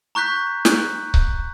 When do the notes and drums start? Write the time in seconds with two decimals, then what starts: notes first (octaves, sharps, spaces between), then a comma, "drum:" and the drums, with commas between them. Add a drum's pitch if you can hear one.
0.15 A#5 C#6 F#6 G6 B6
0.65 F#6, drum: snare
1.14 drum: kick C#1